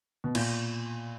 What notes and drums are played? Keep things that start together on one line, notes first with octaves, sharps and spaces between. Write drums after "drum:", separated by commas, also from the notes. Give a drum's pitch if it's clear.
B2
A#2, drum: cymbal